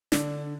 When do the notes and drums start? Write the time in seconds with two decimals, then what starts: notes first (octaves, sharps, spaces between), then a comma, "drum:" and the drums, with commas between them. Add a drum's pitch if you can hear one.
0.12 D3 D4, drum: snare